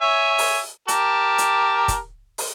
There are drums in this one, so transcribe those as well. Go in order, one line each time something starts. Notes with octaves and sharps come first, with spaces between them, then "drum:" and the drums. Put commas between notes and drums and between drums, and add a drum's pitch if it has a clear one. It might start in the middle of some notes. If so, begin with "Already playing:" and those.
C#5 E5 G#5
drum: open hi-hat
G4 A#4 A5, drum: hi-hat
drum: hi-hat
drum: kick, hi-hat
drum: open hi-hat